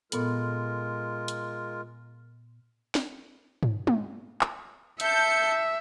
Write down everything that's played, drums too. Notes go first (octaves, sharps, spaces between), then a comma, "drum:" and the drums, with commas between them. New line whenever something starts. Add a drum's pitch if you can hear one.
A#2 G#3 B3 F4 A4 A#4, drum: hi-hat
drum: hi-hat
drum: snare
drum: tom
drum: tom
drum: clap
E5 A5 G6 C#7, drum: hi-hat